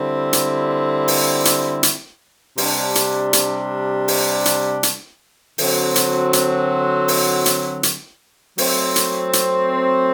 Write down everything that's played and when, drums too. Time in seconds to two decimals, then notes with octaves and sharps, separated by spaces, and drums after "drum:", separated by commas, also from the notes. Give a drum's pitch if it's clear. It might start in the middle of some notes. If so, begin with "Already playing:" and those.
Already playing: D3 G3 C4 E4
0.33 drum: hi-hat
1.08 drum: open hi-hat
1.45 drum: hi-hat
1.83 drum: hi-hat
2.58 C3 G3 D4, drum: open hi-hat
2.95 drum: hi-hat
3.33 drum: hi-hat
4.08 drum: open hi-hat
4.45 drum: hi-hat
4.83 drum: hi-hat
5.58 D3 F#3 C4 F#4, drum: open hi-hat
5.96 drum: hi-hat
6.33 drum: hi-hat
7.08 drum: open hi-hat
7.46 drum: hi-hat
7.83 drum: hi-hat
8.58 F#3 A3 C4, drum: open hi-hat
8.96 drum: hi-hat
9.33 drum: hi-hat